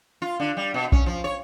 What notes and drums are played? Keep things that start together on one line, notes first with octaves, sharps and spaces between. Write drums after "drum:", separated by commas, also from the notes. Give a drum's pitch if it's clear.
F4
D3
G3
B2
C#4, drum: kick B1
F3
C#5